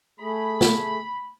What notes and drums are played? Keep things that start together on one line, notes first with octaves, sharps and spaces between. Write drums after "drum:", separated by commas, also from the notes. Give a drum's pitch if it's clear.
A3 G#4 B5
drum: snare